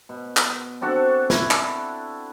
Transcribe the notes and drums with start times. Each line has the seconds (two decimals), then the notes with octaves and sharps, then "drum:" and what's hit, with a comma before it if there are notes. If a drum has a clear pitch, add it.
0.09 B2
0.37 drum: clap
0.81 C4 D4 F#4 A4
1.30 E4, drum: snare
1.51 drum: clap